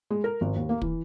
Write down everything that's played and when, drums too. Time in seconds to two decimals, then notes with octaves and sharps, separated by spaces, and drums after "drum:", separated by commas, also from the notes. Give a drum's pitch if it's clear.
0.10 G#3
0.24 A#4
0.41 G#1
0.56 D#2
0.69 A#3
0.81 E3, drum: kick